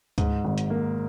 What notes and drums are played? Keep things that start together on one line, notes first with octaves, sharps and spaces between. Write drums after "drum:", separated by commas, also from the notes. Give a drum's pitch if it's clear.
G#2, drum: kick C#2, hi-hat
G#1
drum: hi-hat
A#3